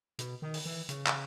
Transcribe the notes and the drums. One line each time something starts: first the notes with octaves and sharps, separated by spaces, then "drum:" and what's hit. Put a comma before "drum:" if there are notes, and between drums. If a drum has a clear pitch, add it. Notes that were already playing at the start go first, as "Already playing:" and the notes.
B2, drum: hi-hat
D#3
drum: open hi-hat
E3
C#3, drum: hi-hat
drum: clap